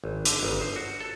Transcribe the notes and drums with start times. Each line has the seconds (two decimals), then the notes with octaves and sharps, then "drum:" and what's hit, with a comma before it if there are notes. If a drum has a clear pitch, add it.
0.04 G#1
0.25 D3, drum: hi-hat
0.43 G1
0.61 C5
0.76 F#4
1.01 A4